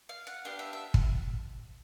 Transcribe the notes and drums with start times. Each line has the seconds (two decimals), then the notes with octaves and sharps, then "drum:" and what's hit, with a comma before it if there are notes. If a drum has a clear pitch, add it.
0.09 F5
0.27 F#5
0.45 B3 D4 G4 F5
0.59 E5
0.73 E5
0.94 drum: kick